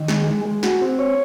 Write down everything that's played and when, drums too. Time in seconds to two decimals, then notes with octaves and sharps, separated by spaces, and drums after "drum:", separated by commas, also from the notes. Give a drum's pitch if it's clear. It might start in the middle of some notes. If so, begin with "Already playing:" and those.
Already playing: D#3
0.08 G#3, drum: snare
0.27 G#3
0.45 G#3
0.63 F#4, drum: snare
0.81 C4
0.99 C#5